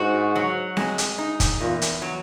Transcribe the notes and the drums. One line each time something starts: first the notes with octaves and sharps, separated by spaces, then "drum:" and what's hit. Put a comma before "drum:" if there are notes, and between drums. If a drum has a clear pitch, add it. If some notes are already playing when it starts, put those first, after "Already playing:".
Already playing: G#2 F#4
F#3
G#3, drum: snare C4
drum: hi-hat
D#4
drum: kick, hi-hat
E2 A#2
drum: hi-hat
F#3